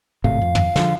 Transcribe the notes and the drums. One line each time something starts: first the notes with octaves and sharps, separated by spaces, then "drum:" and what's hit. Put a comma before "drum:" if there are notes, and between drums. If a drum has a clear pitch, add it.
G#1 A2 C3 F5
F2
drum: tom
D3 F3, drum: snare